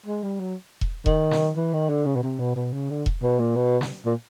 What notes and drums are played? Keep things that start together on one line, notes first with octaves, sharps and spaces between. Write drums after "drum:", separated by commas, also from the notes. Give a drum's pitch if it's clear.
G#3
G3
F#3
drum: kick E1
D#3, drum: kick E1
drum: snare
E3
D#3
D3
C#3
B2
C3
B2
B2
C#3
D3
drum: kick E1
B2
A#2
B2
drum: snare
A#2